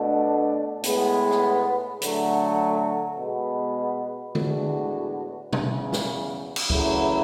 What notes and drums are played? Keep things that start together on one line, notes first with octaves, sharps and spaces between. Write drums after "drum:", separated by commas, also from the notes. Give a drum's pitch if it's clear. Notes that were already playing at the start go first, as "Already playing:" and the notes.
Already playing: B2 A3 D4
A2 G#3 B3, drum: hi-hat
drum: rim click
D3 F#3 A3, drum: hi-hat
B2 G#3 B3
A2 G#3 B3 D4 F#4, drum: tom D3
E2 C#3 E3, drum: tom B2
drum: snare
drum: cymbal
E2 C#3 F#3 A3 E4, drum: kick C#2